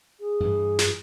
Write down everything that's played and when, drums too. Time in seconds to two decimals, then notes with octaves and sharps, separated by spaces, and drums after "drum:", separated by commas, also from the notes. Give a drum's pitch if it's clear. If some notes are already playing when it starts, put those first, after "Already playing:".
0.20 G#4
0.40 G2 E3
0.79 drum: snare